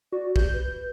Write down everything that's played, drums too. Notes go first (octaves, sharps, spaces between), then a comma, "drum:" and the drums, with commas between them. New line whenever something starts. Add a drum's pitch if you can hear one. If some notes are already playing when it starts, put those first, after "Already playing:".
F#4 D5
G4 G6, drum: kick
B4